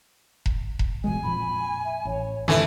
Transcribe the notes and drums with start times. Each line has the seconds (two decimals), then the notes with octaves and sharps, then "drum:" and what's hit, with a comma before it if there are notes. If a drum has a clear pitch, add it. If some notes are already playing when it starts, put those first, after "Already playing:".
0.46 drum: kick E1
0.79 drum: kick E1
1.04 B2 E3 G#3 G#5
1.23 F2 A#2 F3 B5
1.84 E5
2.05 A1 C#5
2.48 F#2 A#2 E3 A3 E5, drum: snare